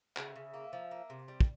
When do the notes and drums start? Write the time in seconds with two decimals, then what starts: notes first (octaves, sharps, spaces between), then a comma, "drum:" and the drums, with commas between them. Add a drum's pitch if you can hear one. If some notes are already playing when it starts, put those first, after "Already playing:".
0.17 C#3 E5, drum: clap
0.36 C#3
0.54 A#3
0.73 F3
0.91 A#3
1.10 C3
1.28 G3
1.41 drum: kick